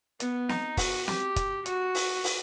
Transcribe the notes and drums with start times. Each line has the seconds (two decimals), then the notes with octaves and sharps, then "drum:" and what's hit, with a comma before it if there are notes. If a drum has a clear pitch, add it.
0.20 B3, drum: hi-hat
0.49 D#4, drum: snare
0.77 F#4, drum: kick, open hi-hat
1.08 G4, drum: snare
1.36 drum: kick, hi-hat
1.66 F#4, drum: hi-hat
1.95 drum: open hi-hat
2.24 drum: open hi-hat